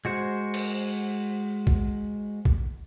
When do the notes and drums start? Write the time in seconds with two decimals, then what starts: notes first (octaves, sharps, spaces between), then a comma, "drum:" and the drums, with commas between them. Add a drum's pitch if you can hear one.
0.05 G#3 F#4 C5
0.54 drum: cymbal
1.67 drum: kick
2.45 drum: kick